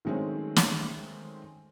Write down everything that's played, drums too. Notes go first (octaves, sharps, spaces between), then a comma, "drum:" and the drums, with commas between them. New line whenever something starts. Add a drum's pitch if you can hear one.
D#3 F#3 G#3 A3 C4 C#4
drum: snare